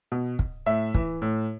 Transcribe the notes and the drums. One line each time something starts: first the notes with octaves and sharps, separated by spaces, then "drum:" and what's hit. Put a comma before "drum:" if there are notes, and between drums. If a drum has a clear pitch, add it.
B2
drum: kick
A2 E5
E3, drum: kick
A2